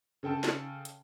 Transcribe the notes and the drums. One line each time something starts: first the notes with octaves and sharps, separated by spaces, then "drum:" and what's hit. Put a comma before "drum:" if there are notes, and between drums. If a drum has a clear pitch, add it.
C#3 A4 G5 A5
drum: snare
drum: hi-hat